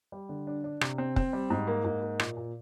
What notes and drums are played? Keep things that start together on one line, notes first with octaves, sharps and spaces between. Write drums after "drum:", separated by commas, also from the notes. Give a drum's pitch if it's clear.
G3
D3
D4
D4
C3, drum: rim click
C4
C4, drum: kick
G3
G#2
A#3
G#2
A#3
A#2, drum: rim click
A#2